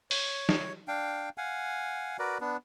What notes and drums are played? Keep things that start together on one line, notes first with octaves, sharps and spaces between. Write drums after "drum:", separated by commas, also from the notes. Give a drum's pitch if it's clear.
C#5, drum: open hi-hat
drum: snare
D4 F5 G5
F5 F#5 G#5
F#4 A#4 B4 D5
B3 D4